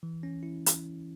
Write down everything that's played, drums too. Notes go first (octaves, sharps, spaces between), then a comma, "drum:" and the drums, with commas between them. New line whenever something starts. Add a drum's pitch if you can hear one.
E3
C#4
E4
drum: hi-hat